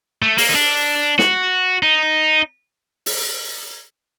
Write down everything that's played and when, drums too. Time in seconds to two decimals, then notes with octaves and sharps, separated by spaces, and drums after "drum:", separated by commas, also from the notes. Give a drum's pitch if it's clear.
0.22 A3
0.38 A#3, drum: open hi-hat
0.49 D#4
0.55 D4
1.19 F#4, drum: snare
1.83 D#4
3.06 drum: open hi-hat